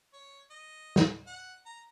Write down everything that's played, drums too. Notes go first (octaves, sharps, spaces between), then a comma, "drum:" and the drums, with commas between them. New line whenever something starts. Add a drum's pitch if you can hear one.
C#5
D#5
drum: snare
F#5
A#5